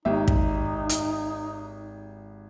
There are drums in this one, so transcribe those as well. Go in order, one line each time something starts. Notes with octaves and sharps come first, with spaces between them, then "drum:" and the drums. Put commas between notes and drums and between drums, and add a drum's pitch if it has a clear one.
G#1 D#4 G4 E5
drum: kick
drum: hi-hat